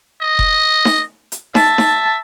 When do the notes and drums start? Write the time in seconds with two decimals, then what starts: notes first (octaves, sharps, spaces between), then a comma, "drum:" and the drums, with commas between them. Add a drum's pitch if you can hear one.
0.21 D#5
0.39 drum: kick F1
0.85 drum: snare D#4
1.32 drum: hi-hat
1.55 E5 A5, drum: snare D#4
1.78 drum: snare D#4